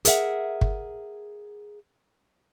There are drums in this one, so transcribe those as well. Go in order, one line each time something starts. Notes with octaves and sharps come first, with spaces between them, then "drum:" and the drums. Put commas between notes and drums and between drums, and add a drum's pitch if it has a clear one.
G#4 A#4 E5 F#5, drum: hi-hat
drum: kick